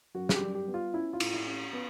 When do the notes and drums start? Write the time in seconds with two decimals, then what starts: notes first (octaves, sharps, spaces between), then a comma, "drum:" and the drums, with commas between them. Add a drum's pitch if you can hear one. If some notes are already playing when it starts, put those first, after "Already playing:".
0.15 F#2 F#4
0.29 G#4, drum: snare
0.34 G4
0.41 G3
0.55 G4
0.68 B3
0.74 F4
0.94 C#4 E4
1.13 F4
1.20 A2, drum: cymbal
1.34 E4
1.47 C#4
1.73 B3